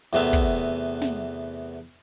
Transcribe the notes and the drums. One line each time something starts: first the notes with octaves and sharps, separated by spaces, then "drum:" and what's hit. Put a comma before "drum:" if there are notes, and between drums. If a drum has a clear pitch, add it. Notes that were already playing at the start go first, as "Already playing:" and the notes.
E2 C3 A3 B3 E5
drum: kick
drum: snare